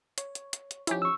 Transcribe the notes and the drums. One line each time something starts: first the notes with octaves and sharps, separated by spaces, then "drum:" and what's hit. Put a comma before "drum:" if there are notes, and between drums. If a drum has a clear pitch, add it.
C#5, drum: hi-hat
drum: hi-hat
drum: hi-hat
drum: hi-hat
F3 C#4 D#4 E4 G4, drum: hi-hat
C#6 E6